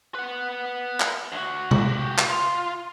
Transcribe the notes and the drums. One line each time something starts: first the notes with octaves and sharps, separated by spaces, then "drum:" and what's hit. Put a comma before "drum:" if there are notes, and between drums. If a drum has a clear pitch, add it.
B4 F#5
drum: clap
D2 F#4
F#4 G4, drum: tom
drum: clap
F4